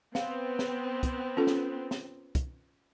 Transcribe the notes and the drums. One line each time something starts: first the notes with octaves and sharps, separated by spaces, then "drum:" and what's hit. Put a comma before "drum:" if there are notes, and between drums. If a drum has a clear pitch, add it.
B3 C4 F5, drum: snare
drum: snare
drum: kick, hi-hat
C#4 F4 A4
drum: snare
drum: snare
drum: kick, hi-hat